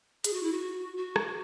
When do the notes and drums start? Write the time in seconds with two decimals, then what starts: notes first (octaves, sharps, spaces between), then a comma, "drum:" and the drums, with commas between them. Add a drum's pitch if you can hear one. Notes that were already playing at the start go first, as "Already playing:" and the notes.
0.24 G#4, drum: hi-hat
0.33 F#4
0.43 E4
0.52 F#4
0.97 F#4
1.16 drum: rim click